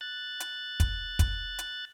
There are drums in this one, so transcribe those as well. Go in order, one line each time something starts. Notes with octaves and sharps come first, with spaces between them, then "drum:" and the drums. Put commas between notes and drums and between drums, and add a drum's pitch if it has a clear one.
F#6 A6
drum: hi-hat
drum: kick, hi-hat
drum: kick, hi-hat
drum: hi-hat